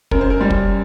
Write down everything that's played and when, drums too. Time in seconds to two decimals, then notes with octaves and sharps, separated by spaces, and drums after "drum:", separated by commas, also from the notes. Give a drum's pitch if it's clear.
0.11 F#2 A#4, drum: kick
0.21 C5
0.30 A#4
0.41 G3
0.50 drum: kick